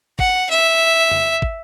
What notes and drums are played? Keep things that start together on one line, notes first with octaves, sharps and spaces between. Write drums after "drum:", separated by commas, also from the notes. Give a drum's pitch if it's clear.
F#5, drum: kick
E5
drum: tom
drum: kick